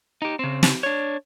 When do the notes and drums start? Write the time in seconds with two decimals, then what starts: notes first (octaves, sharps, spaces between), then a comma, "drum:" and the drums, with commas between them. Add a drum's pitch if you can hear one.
0.22 D#4 G4
0.39 C#3 C4
0.63 drum: snare
0.83 D4 C#5